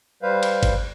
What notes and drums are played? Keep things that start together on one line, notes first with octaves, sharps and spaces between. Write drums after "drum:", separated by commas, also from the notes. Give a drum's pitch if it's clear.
G3 B4 C5 F5
drum: cymbal
drum: kick G1, cymbal